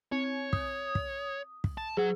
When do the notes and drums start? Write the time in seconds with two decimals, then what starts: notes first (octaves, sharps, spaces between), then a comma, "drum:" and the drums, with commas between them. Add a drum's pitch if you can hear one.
0.12 C4 C#5
0.53 D#6, drum: kick
0.95 drum: kick
1.64 drum: kick
1.78 A5
1.97 F#3 G#4 F#5